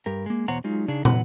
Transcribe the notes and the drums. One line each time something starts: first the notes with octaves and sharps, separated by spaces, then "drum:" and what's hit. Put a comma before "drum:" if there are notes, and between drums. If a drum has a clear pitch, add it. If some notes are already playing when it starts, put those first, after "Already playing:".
G2 G4 A#4
G#3 A#3
E2 B2 C5 C#5 F#5 A#5
F#3 G#3 D#4 F4
C#3 D4 D#4 G#4
E3 F#3 B4 F#5, drum: tom